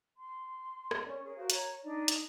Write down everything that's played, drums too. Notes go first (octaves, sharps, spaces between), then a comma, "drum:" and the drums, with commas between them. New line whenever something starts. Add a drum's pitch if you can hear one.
C6
drum: rim click
C#4 D5
G#4 A#4 C#5
F#4 A#4 C5 F5
C#5 A#5, drum: hi-hat
D4 D#4 D5
drum: hi-hat